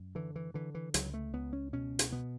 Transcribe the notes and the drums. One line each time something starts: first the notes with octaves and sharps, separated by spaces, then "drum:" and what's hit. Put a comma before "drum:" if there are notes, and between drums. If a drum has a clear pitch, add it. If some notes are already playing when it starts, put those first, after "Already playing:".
Already playing: F#2
D3 E3
E3
D3 E3
E3
C#2 F#3, drum: hi-hat
A3
C#2 B3
C#4
B2 C#4
drum: hi-hat
B2 B3